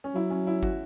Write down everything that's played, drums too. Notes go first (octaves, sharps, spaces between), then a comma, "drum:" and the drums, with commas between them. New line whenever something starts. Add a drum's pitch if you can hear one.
C#4
F#3 E4
C#4
E4
F#4, drum: kick